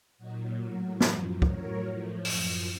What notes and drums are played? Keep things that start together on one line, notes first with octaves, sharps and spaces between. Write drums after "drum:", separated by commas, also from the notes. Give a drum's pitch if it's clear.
A#2 F#3 D#4 F#4
A2 F#3 F#4 A#4
F#2 F3 A#4 C#5, drum: snare
A2 F#3 A#4 C#5, drum: kick
A2 F3
F#2 F3, drum: open hi-hat